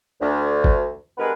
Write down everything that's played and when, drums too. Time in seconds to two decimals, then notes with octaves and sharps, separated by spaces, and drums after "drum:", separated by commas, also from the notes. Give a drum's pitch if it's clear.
0.21 D2
0.64 drum: kick G#1
1.18 G2 G#3 B3 A#4 B4